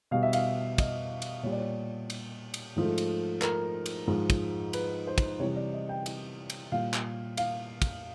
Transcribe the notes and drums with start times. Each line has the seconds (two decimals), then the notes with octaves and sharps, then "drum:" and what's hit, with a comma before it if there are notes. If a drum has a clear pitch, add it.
0.11 B2 G3 F5
0.23 E5
0.33 F5, drum: cymbal
0.78 D#5, drum: kick, cymbal
1.22 drum: cymbal
1.43 A#2 G3 C#5
1.51 D5
1.58 C#5
2.10 drum: cymbal
2.54 drum: cymbal
2.76 G#2 F3 A3
2.98 drum: cymbal
3.42 A#4, drum: clap
3.86 drum: cymbal
4.07 G#2 F3 G#3
4.30 drum: kick, cymbal
4.73 B4, drum: cymbal
5.07 C5
5.18 drum: kick, cymbal
5.40 C3 E3 G3 C#5
5.56 D5
5.73 D#5
5.89 G5
6.06 G5, drum: cymbal
6.50 drum: cymbal
6.72 A#2 G3 F5
6.94 drum: clap
7.37 F5, drum: cymbal
7.82 drum: kick, cymbal